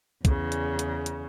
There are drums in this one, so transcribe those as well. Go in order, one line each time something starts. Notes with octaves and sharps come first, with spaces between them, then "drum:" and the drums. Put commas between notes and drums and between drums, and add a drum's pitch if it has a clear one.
E2 C#3, drum: kick, hi-hat
drum: hi-hat
drum: hi-hat
drum: hi-hat